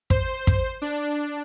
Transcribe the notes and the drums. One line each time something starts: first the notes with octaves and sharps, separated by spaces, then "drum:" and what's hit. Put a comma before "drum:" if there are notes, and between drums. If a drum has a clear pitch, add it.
C5, drum: kick
drum: kick
D4